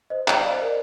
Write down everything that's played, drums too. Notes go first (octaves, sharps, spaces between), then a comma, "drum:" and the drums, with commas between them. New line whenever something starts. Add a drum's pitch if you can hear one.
C5 D#5
D#5 G5, drum: clap
D5 F5
C5 D#5
A#4 D5